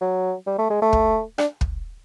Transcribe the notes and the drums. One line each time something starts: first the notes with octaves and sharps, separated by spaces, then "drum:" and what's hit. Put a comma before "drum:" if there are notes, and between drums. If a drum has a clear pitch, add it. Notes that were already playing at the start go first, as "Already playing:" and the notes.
F#3
G3
A3
G#3
A3
drum: kick
D4, drum: rim click
drum: kick